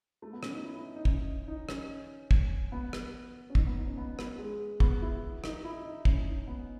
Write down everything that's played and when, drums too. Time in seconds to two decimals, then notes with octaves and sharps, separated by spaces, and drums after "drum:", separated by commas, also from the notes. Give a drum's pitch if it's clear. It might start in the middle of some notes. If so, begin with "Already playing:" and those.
0.22 A3
0.33 B3
0.43 C#4, drum: rim click
0.53 D#4
0.64 E4
0.75 E4
0.96 D#4
1.05 C#4, drum: kick
1.48 D#4
1.69 C#4, drum: rim click
2.31 drum: kick
2.72 B3
2.93 drum: rim click
3.50 C#4
3.55 D#4, drum: kick
3.67 B3
3.76 D#4
3.87 C#4
3.98 B3
4.19 B3, drum: rim click
4.39 G#3
4.80 B3, drum: kick
5.02 E4
5.44 D#4, drum: rim click
5.64 E4
5.85 D#4
6.05 C#4, drum: kick
6.27 D#4
6.47 B3